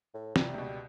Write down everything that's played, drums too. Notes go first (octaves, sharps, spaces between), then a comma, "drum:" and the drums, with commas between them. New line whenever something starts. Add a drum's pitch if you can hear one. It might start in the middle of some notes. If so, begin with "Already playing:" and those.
A2
C2 C3 G3, drum: snare
C#2 B2